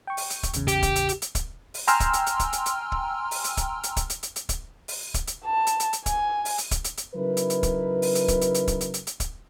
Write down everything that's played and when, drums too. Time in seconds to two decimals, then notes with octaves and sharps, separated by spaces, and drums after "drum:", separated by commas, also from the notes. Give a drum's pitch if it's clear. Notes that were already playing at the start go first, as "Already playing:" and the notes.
0.07 G5 C#6
0.17 drum: open hi-hat
0.30 drum: hi-hat
0.43 drum: kick, hi-hat
0.53 A1 E2 C#3, drum: hi-hat
0.68 G4, drum: hi-hat
0.82 drum: kick, hi-hat
0.96 drum: hi-hat
1.09 drum: hi-hat
1.22 drum: hi-hat
1.35 drum: kick, hi-hat
1.74 drum: open hi-hat
1.88 G5 G#5 A#5 C6 E6 F6, drum: hi-hat
2.00 drum: kick, hi-hat
2.13 drum: hi-hat
2.26 drum: hi-hat
2.39 drum: kick, hi-hat
2.53 drum: hi-hat
2.66 drum: hi-hat
2.92 drum: kick
3.31 drum: open hi-hat
3.44 drum: hi-hat
3.57 drum: kick, hi-hat
3.83 drum: hi-hat
3.96 drum: kick, hi-hat
4.10 drum: hi-hat
4.23 drum: hi-hat
4.36 drum: hi-hat
4.49 drum: kick, hi-hat
4.88 drum: open hi-hat
5.14 drum: kick, hi-hat
5.27 drum: hi-hat
5.45 A5
5.67 drum: hi-hat
5.80 drum: hi-hat
5.93 drum: hi-hat
6.06 G#5, drum: kick, hi-hat
6.45 drum: open hi-hat
6.58 drum: hi-hat
6.71 drum: kick, hi-hat
6.84 drum: hi-hat
6.97 drum: hi-hat
7.15 C#3 F#3 D#4 E4 A#4 B4
7.37 drum: hi-hat
7.50 drum: hi-hat
7.63 drum: kick, hi-hat
8.02 drum: open hi-hat
8.15 drum: hi-hat
8.28 drum: kick, hi-hat
8.41 drum: hi-hat
8.54 drum: hi-hat
8.68 drum: kick, hi-hat
8.81 drum: hi-hat
8.94 drum: hi-hat
9.07 drum: hi-hat
9.20 drum: kick, hi-hat